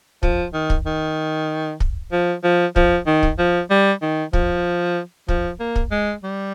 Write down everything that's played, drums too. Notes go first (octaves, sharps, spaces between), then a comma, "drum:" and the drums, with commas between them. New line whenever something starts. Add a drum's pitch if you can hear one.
F3, drum: kick
D#3
drum: kick
D#3
drum: kick
F3
F3
F3, drum: kick
D#3
drum: kick
F3
G3
D#3
F3, drum: kick
F3, drum: kick
A#3
drum: kick
G#3
G3